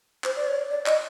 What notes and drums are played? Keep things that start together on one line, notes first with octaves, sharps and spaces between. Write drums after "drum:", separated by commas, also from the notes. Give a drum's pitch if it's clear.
C5, drum: clap
D5
C#5
D5
D#5, drum: clap